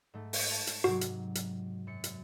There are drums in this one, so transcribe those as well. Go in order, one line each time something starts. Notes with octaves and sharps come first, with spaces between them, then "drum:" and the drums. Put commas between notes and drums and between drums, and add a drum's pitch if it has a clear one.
G#2 A3
drum: open hi-hat
A5
drum: hi-hat
G#2 C3 F#3 F#4
drum: hi-hat
drum: hi-hat
F#2 C#7
drum: hi-hat